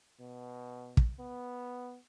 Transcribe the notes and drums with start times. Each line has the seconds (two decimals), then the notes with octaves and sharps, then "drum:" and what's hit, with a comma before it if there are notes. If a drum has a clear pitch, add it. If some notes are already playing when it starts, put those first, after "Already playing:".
0.20 B2
0.97 drum: kick
1.20 B3